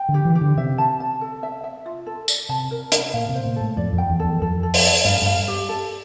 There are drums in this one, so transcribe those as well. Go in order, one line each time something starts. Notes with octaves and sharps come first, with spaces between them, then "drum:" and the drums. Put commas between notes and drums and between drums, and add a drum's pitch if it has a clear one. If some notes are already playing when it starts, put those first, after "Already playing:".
Already playing: G5
D3
G4
E3
G4
D3
C3 E5
A5
A5
A4
E5
E5
F4
A4
D5, drum: tambourine
C3 A5
A#4
A#4, drum: hi-hat
A#2 F5
C3
C5
A#2
A2 A4
F2 D5
F2
G5
E2
A4
E2
F2 A4
A4
drum: open hi-hat
A4
G2 F5
G2 F5
G4
A4